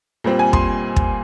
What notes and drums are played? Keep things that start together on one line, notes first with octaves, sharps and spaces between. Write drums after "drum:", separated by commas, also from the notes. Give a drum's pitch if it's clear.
A#2 G3 C4
G#5
C6, drum: kick
drum: kick